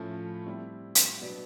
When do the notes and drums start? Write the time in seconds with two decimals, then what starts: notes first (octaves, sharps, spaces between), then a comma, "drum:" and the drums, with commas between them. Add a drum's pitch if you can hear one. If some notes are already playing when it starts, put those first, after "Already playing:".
Already playing: A2 F3 A3 C#4
0.46 G3 C4 E4
0.95 drum: hi-hat
1.20 B2 F#3 B3 D4